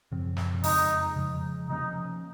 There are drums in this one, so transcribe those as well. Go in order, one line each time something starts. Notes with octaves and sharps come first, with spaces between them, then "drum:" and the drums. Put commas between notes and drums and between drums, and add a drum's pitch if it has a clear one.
F#2 C#3 F3 C4
drum: snare
F2 C#3 G#3 D#4, drum: open hi-hat
C#3 F3 G#3
C3 F3 A#3 C#4 D#4